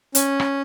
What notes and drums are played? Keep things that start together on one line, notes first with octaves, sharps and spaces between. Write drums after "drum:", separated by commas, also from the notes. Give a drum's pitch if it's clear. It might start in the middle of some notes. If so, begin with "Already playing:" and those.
C#4, drum: hi-hat
drum: rim click